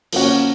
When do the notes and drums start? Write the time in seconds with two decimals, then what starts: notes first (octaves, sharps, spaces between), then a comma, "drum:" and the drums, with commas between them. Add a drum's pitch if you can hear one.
0.13 F3 A#3 C#4 F#4, drum: cymbal